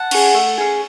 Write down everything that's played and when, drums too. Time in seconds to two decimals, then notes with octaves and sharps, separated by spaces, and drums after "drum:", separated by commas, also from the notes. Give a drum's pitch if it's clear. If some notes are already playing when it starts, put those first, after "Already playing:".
Already playing: F#5 A5
0.11 C#4 G#4, drum: cymbal
0.34 A3
0.58 C#4 G#4